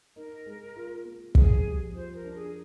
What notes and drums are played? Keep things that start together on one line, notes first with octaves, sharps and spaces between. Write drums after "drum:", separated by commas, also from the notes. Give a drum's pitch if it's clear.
D#4 A#4
G#3
F4
A#3
F2 G#4, drum: kick
G3
F4 C5
A#4
D4
G#4